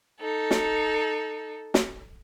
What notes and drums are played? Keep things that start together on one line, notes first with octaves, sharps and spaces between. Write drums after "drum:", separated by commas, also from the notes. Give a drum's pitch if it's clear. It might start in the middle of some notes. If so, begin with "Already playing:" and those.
D#4 A4
drum: snare
drum: snare